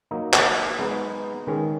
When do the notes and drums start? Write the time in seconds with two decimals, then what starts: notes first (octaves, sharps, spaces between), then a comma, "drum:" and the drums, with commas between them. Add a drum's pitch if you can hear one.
0.11 F#3 A#3 D#4
0.33 drum: clap
0.79 G#3 B3 D#4
1.47 D#3 G#3 C#4